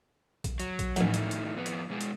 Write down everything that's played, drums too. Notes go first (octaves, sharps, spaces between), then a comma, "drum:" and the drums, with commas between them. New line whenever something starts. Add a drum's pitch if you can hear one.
drum: kick A#1, hi-hat
F#3, drum: hi-hat
drum: kick A#1, hi-hat
A1 D#3 E3 F#3 A3, drum: hi-hat
drum: hi-hat
drum: hi-hat
F2 B3
drum: hi-hat
B2 G#3 G#4
drum: hi-hat